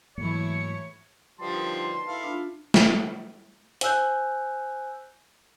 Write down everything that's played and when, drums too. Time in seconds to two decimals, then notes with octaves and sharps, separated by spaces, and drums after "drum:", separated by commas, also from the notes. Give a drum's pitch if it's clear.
0.18 G#2 E3 F#3 A3 A#3 E4 C#5 C#7
1.40 B2 D3 F3 G3 A5 C6
1.53 D#4 A#4
2.07 E4 A4 F5
2.24 D4 F4
2.74 drum: snare
3.81 C5 G#5 E6 F#6 G6, drum: hi-hat